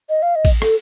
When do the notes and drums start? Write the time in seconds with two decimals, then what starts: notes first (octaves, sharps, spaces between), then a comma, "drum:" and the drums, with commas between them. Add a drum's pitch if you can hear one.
0.09 D#5
0.22 F5
0.36 D#5
0.45 drum: kick, cymbal
0.62 A4, drum: rim click